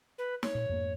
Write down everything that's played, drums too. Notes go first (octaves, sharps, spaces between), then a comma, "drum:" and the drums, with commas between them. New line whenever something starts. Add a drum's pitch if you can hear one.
B4
C#5, drum: snare
A#2
F2 G#2 A#3